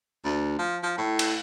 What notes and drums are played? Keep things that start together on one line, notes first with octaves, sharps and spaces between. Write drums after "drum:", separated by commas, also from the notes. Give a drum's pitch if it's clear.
D2
F3
F3
A2
drum: cymbal